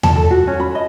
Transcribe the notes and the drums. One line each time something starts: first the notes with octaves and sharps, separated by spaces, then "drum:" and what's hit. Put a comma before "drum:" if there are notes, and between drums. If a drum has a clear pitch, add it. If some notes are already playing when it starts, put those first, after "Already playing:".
A5, drum: tom E2
A4
F#4
C#4
B5
D#5